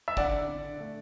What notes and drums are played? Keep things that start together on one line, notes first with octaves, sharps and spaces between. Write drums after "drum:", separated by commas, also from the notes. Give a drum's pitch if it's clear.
E5
D3 D5 F#5, drum: kick
D3
A3